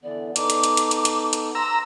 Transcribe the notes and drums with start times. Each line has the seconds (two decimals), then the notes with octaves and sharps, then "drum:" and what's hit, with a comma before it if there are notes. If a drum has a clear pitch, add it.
0.04 D3 E3 B3 D5
0.36 B3 D#4 A4 D6, drum: hi-hat
0.50 drum: hi-hat
0.64 drum: hi-hat
0.77 drum: hi-hat
0.91 drum: hi-hat
1.05 drum: hi-hat
1.33 drum: hi-hat
1.55 A#5 C6 E6